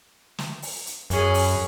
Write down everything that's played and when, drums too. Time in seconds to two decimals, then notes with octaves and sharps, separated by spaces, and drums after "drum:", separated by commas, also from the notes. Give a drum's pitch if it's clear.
0.38 drum: snare
0.62 drum: open hi-hat
0.86 drum: hi-hat
1.10 F#2 C#4 G#4, drum: hi-hat
1.34 drum: open hi-hat